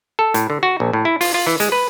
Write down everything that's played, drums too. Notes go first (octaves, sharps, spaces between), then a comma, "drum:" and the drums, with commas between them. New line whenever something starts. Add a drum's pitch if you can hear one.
A4
A2, drum: hi-hat
D3
F#4
A#1
A2
E4
F4, drum: open hi-hat
F4
E3
G#3, drum: hi-hat
B4